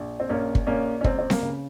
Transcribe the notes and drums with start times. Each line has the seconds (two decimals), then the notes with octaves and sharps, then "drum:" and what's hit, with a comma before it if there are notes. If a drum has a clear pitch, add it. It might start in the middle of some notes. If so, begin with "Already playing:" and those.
Already playing: A#1
0.20 C4
0.29 A#1 A#3 C#4
0.55 drum: kick
0.67 A#1 A#3 C#4
1.01 C#4
1.04 C#2 C4, drum: kick
1.19 C4
1.30 A#3, drum: snare C4
1.42 C#3